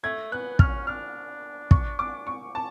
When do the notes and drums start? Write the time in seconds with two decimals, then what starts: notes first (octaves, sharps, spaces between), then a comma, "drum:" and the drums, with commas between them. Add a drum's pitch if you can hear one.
0.04 A3 G#6
0.32 B3 F#6
0.59 C#4 F6, drum: kick
0.87 D4 F6
1.71 C#6, drum: kick
1.99 D6
2.27 C#6
2.55 A5